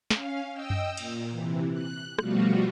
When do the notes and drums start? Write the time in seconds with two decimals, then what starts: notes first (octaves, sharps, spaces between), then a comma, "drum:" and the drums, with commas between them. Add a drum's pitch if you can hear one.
0.10 C#4 F5, drum: snare
0.52 D#5 G5 E6
0.70 drum: tom F#2
0.97 A#2, drum: cymbal
1.30 C3 E3
1.72 F#6
2.19 B2 F3 G3 A3 F4 F#4, drum: rim click